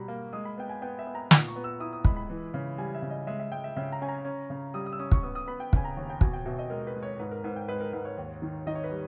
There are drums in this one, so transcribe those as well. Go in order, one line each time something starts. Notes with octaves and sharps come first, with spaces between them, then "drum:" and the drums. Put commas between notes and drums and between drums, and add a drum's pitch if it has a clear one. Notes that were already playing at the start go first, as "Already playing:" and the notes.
Already playing: B2 G3 A#5 B5
A#3
G#3 D#6
B5
B3 G5
G#5
B3 G5
E5
B3
A#5
A#2 A#5, drum: snare
C#6
B3
E6
E4 D#6
D#6
G#3 B5, drum: kick
B5
E3
C#3
G3 G#5
E5
C#3
D#5
G#3 E5
E5
G#3 G5
E5
C#3 E5
A#5
C#4 G#5
A#5
C#4
C#3
G3 D#6
D#6
E6
C#4 D#6
C#6, drum: kick
B3 D#6
D#6
B3 B5
G5
C#3 G#5, drum: kick
A#5
D#2
G5
B2 G#5, drum: kick
G5
B2 E5
D#5
G#3 A#4
B4
G#3
C#5
G#2 B4
A#4
G#2 B4
G5
G#3 B4
A#4
G#2 B4
C#5
D#2
D#3
D#3 D#5
C#5
B4
G3